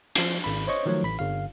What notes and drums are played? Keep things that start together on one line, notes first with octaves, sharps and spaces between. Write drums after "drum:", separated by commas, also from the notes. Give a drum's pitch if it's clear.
F3 C7, drum: hi-hat
G#1 B5
C5 C#5 D#5 C#6
D#3 F3 F#3 A3 C#5
A1 B5 B6
G1 F5